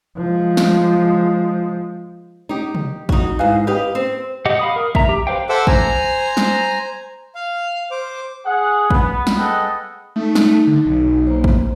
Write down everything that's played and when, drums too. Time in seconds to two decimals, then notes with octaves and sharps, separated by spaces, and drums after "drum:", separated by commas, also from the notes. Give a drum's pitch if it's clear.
0.17 F3 G#3
0.57 drum: snare
2.49 D#4 G4
2.75 drum: tom
3.09 D#4 F#4, drum: kick
3.39 E2 G#2 B4 F5 G#5
3.67 G4 B4 D#5 F5 G5
3.95 C4
4.45 G4 D#5 F#5
4.59 F5 B5 D#6
4.76 A#4
4.95 E5 A#5, drum: kick
5.09 G4
5.27 B4 C5 F5 G5
5.49 A4 C5 E5 F#5 D6 E6
5.67 C5 G#5 A#5, drum: kick
6.37 drum: snare
7.35 F5
7.91 C5 D6
8.46 G#4 F#5
8.90 B3, drum: kick
9.27 drum: snare
9.38 G#4 A4 B4 D#5 F#5 G5
10.16 A3 D#4
10.35 drum: snare
10.67 D3
10.86 B1
11.27 A#3 C5
11.44 drum: kick